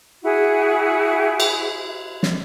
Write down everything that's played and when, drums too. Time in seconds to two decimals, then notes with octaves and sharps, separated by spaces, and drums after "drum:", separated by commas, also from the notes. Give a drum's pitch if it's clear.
0.23 E4 F#4 G#4
1.40 drum: cymbal
2.23 drum: snare